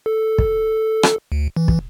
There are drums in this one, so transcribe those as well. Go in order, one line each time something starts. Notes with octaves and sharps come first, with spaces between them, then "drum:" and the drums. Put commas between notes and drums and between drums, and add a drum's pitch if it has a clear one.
A4
drum: kick
drum: rim click
D2
E3
drum: kick